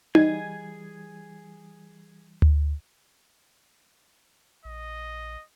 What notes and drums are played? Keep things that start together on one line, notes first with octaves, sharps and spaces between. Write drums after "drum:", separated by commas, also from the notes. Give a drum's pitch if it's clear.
E3 G3 G#4 D#5 G#5 G#6, drum: tom D#4
drum: tom D2
A#1 D#5